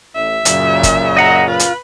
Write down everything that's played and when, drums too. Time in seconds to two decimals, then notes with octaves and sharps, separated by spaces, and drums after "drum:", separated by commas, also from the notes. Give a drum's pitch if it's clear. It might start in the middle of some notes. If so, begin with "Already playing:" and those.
0.15 A1 E5
0.45 F#2 A#2 C#3, drum: hi-hat
0.83 drum: kick, hi-hat
1.17 D#5 F#5 A#5
1.48 F4 B4
1.59 drum: hi-hat